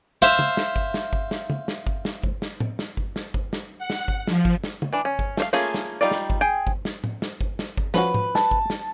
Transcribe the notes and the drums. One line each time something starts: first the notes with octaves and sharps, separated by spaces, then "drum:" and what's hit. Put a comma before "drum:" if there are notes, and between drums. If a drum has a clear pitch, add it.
C5 E5 F5, drum: snare
drum: tom
drum: snare
drum: kick G1
drum: snare
drum: kick G1
drum: snare
drum: tom
drum: snare
drum: kick G1
drum: snare
drum: kick G1
drum: snare
drum: tom A2
drum: snare
drum: kick G1
drum: snare
drum: kick G1
drum: snare
F#5
drum: snare
drum: kick G1
F3, drum: snare
drum: kick G1
drum: snare
drum: tom
E3 D4
C#4
drum: kick G1
A3 C5 F5, drum: snare
A3 A#3 C#4 F4 G#4
drum: snare
G3 D#4 F4 D5
drum: snare
drum: kick G1
G#4 G5
drum: kick G1
drum: snare
drum: tom A2
drum: snare
drum: kick G1
drum: snare
drum: kick G1
F3 C#4 F#4 B4, drum: snare
drum: tom
A5, drum: snare
drum: kick G1
drum: snare